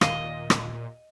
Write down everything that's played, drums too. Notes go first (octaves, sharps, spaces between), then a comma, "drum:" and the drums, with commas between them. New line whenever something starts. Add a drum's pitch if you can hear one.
D#2 A#2 D#5 F5, drum: rim click
drum: rim click